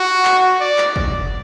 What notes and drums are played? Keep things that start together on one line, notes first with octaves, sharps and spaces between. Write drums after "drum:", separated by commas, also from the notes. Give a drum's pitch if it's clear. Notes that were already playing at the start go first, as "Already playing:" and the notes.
Already playing: F#4
drum: clap
D5
drum: clap
drum: kick